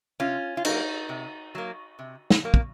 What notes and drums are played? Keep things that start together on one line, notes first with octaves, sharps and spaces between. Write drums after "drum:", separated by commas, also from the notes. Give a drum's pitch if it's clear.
C3 C#4 F4
F4
F#3 A#3 D#4 F#4, drum: cymbal
C3
F#3 A#3
C3
drum: snare
F#3 A#3
drum: kick